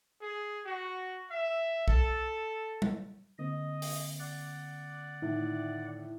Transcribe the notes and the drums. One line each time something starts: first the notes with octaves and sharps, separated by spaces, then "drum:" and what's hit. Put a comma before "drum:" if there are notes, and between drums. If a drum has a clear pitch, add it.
G#4
F#4
E5
A4, drum: kick B1
drum: tom G3
D3 A#3 C4 D#5
drum: open hi-hat
D5 F#5
A2 D#3